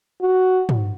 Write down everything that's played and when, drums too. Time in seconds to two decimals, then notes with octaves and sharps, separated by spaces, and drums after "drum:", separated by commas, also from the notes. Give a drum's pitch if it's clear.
0.22 F#4
0.69 drum: tom